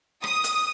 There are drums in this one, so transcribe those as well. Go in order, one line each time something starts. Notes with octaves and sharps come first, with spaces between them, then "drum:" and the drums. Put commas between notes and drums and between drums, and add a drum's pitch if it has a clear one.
D#6, drum: rim click
drum: hi-hat